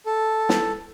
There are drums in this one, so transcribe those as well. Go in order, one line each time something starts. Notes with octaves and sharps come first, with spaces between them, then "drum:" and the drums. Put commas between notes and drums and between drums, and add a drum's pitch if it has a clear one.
A4
drum: snare